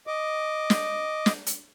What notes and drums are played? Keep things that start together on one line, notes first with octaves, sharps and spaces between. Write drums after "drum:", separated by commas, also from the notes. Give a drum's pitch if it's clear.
D#5 D6
drum: snare
drum: snare
drum: hi-hat